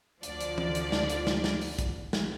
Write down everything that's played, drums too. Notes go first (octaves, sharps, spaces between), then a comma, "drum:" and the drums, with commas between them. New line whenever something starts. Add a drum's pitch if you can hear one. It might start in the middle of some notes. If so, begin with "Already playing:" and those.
D2 D3 F3 D5, drum: hi-hat
drum: hi-hat
drum: tom
drum: hi-hat
drum: snare
drum: hi-hat
drum: snare
drum: snare
drum: open hi-hat
drum: kick, hi-hat
drum: snare